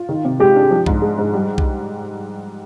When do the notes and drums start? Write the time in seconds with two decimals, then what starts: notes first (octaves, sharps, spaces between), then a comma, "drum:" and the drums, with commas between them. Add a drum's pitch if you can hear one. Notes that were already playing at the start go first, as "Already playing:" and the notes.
Already playing: F4
0.09 D#3
0.25 C3
0.40 G#3 G4
0.56 D4
0.71 F3
0.86 G#2, drum: kick B1
1.02 G#3
1.18 G#2
1.33 G3
1.58 drum: kick B1